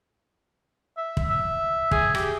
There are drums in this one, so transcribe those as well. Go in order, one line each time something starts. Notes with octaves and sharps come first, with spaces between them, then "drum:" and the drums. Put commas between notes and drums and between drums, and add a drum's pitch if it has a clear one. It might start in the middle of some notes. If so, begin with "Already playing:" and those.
E5
drum: kick
E5
G#4, drum: kick
G4, drum: rim click